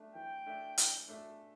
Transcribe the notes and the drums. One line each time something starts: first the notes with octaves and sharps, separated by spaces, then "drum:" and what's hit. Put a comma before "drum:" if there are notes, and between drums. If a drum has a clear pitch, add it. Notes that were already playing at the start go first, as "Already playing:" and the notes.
Already playing: A3 D4 A4 E5
E3 G5
A3 D4 A4 E5
E3, drum: hi-hat
A3 D4 A4 E5